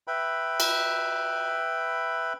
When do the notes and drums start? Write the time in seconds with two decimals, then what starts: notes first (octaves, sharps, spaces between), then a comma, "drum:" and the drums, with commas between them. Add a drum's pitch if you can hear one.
0.08 B4 E5 G5 B5
0.60 drum: cymbal